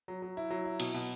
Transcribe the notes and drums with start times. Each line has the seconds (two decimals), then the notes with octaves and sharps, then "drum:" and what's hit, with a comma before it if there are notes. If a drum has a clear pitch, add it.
0.08 F#3
0.22 F#3
0.37 E4
0.50 F#3
0.65 E4
0.80 B2, drum: cymbal
0.94 B2